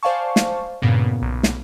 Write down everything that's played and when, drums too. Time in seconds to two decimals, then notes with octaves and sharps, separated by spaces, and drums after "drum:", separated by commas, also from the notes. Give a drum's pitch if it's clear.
0.03 C5 D5 F5 G#5 A5 C#6
0.36 drum: snare
0.82 G2 A#2 C#3 B3
1.22 B1
1.43 drum: snare